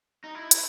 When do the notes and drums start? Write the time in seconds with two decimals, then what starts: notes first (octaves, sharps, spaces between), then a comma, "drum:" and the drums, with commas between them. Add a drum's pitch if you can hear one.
0.24 D#4
0.35 E4
0.51 drum: hi-hat